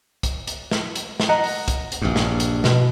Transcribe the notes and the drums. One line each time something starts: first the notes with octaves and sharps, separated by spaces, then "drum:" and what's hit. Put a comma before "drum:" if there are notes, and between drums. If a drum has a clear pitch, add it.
drum: kick, hi-hat
drum: hi-hat
drum: snare
drum: hi-hat
drum: snare
D#5 F#5 A#5
drum: open hi-hat
drum: kick, hi-hat
drum: hi-hat
A#1 G2
drum: snare
drum: hi-hat
B2, drum: snare